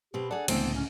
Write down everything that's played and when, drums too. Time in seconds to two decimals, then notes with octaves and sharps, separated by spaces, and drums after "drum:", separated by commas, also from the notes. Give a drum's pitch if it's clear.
0.14 B2 C4 G4 B4
0.31 D4 G#4 A4 F#5
0.48 C#2 A2 D3 E3 B3 C4 A4, drum: cymbal
0.75 E2 C#4